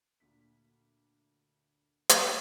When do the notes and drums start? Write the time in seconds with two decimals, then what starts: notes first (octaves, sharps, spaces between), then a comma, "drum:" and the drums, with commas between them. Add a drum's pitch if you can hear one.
0.20 D2 A#2 B6
2.09 drum: hi-hat